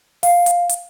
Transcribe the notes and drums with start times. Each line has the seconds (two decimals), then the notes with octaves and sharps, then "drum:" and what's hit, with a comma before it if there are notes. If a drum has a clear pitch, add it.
0.23 F5, drum: open hi-hat
0.46 drum: hi-hat
0.69 drum: hi-hat